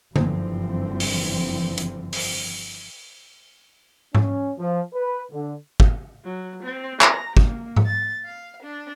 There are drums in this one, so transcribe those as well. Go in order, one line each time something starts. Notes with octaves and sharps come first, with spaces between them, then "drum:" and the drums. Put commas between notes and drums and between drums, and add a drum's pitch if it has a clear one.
F#1 G2 D3 E3 F3 C4, drum: tom D3
drum: open hi-hat
drum: hi-hat
drum: open hi-hat
C#4, drum: tom G#2
F3
B4
D3
drum: kick
F#3
C4
A#5, drum: clap
A#3, drum: kick
drum: tom G#2
A6
F5
D4